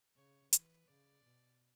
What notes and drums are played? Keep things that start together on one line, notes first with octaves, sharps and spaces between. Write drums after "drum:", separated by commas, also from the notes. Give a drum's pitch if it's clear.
C#3 C#5
E3 B4, drum: hi-hat
C#3 D5
B2